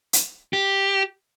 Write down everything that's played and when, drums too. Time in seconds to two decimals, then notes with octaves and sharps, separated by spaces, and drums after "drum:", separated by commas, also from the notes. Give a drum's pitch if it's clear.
0.13 drum: hi-hat
0.53 G4